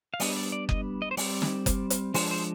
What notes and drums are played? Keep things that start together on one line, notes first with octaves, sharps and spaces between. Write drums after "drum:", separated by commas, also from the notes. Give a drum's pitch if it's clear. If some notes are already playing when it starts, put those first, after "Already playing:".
F5
G3 B3 D4 D#5, drum: open hi-hat
D5
D5
D#5, drum: kick F#1
D#5
C5
G3 C4 D5, drum: open hi-hat
drum: snare
drum: kick F#1, hi-hat
drum: hi-hat
F3 G#3 D4 C5, drum: open hi-hat
C5